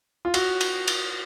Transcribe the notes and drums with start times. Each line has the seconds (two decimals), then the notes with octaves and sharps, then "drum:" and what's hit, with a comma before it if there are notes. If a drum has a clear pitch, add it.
0.25 F4
0.34 F#4, drum: cymbal
0.61 drum: cymbal
0.87 drum: cymbal